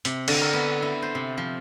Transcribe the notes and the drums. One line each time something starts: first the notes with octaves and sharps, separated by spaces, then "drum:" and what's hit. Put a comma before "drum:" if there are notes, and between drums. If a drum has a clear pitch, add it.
C3, drum: hi-hat
D3, drum: cymbal
A#4
B3
E4
C5
C3
F3